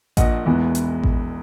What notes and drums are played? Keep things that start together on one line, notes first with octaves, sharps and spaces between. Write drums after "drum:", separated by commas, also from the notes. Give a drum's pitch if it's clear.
A#1 A#2 A#3 D#5 F#5, drum: kick A1, hi-hat
E1 E2 B2 G#3 B3
drum: hi-hat
drum: kick A1